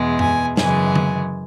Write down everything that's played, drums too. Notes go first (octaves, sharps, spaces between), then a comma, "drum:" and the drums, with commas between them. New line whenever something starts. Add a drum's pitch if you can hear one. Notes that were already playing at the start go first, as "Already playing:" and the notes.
Already playing: E2 B2 G#3
G#5, drum: tom F#2
F#2 C#3 E3 G#3 G#5, drum: snare
drum: tom D3